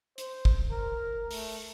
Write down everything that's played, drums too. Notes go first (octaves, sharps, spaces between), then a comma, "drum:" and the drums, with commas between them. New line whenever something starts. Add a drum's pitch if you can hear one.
C5, drum: hi-hat
drum: kick
A#4
A3, drum: open hi-hat